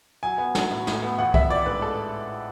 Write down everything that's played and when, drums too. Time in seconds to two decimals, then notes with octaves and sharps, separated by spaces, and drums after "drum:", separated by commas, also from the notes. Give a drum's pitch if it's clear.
0.23 F#3 G#5
0.38 B3
0.55 F#3, drum: snare
0.71 A2
0.87 A2, drum: snare
1.03 B3
1.18 A1 F#5
1.34 B3 E5, drum: kick C2
1.50 A1 D5
1.66 G#2 B4
1.81 G#3 A4